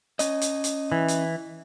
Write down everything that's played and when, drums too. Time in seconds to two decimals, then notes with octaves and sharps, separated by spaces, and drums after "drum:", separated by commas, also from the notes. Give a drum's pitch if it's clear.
0.19 C#4 D#5, drum: hi-hat
0.42 drum: hi-hat
0.64 drum: hi-hat
0.92 E3
1.08 drum: hi-hat